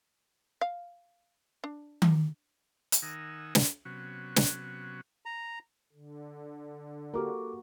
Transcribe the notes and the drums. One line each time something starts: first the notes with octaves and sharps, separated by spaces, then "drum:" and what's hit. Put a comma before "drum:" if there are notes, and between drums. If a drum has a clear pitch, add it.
F5
D4
drum: tom D#3
drum: hi-hat
D#3 D#4 A#4 F#5 G#5 E6
drum: snare
C3 F#3 B3 C#4 F#4
drum: snare
A#5
D3
A#3 F#4 G4 A4 A#4 D6